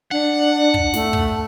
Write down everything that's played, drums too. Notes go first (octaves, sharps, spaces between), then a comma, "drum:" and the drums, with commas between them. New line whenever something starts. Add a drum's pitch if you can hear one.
D4 F#5
drum: kick
A3, drum: snare
drum: kick